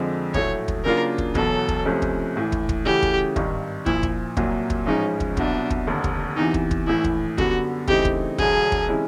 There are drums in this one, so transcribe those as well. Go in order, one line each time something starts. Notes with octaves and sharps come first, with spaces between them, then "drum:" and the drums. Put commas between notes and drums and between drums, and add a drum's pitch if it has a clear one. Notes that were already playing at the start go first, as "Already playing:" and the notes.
Already playing: F2 D3 F3 G#3
A#1 A2 F#3 A3 C#5, drum: kick
drum: kick
C#3 F#3 A#3 D4 F4 A#4
drum: kick
E1 E2 B2 F#3 B3 A4, drum: kick
drum: kick
C#2 C3 F3 A3 C#4
drum: kick
A#1 A2 E3
drum: kick
drum: kick
C#3 E3 A3 C#4 F#4 G4
drum: kick
G#1 G2 D#3, drum: kick
A#1 A#2 F3 E4, drum: kick
drum: kick
C2 A#2 F#3 A#3, drum: kick
drum: kick
A1 G#2 F3 G#3 C#4 D#4
drum: kick
C2 B2 F#3 B3 D4, drum: kick
drum: kick
F1 D#2 D3
drum: kick
E2 C3 E3 D#4
drum: kick
drum: kick
A#1 A2 E3 E4
drum: kick
F#2 D3 G3 B3 F#4, drum: kick
C#3 E3 A3 C4 D#4 G4, drum: kick
drum: kick
E1 D2 D3 F#3 G#4, drum: kick
drum: kick
C3 E3 G#3 C#4 E4